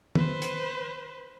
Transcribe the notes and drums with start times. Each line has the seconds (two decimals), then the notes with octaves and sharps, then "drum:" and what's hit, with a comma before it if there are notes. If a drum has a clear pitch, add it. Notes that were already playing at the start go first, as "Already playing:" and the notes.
0.15 B4 C5, drum: tom
0.42 drum: hi-hat